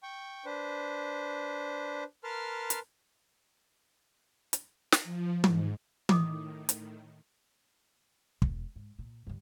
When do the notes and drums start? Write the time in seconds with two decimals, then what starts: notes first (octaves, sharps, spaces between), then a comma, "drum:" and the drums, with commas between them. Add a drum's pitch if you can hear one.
0.03 G5 C#6
0.45 D4 B4 C5
2.24 A#4 B4 A5 C6 F6
2.70 drum: hi-hat
4.53 drum: hi-hat
4.92 drum: snare
5.04 F3
5.44 G#2, drum: tom
6.09 A2 D#3 D#5 D6 D#6, drum: tom
6.69 drum: hi-hat
8.42 E1 B2, drum: kick
8.76 G#2
8.99 A#2
9.27 G2 D3